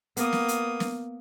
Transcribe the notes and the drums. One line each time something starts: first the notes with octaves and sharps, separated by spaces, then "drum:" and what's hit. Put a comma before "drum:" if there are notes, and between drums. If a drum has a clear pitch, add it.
A#3 B3 D#6, drum: hi-hat
drum: snare
drum: hi-hat
drum: snare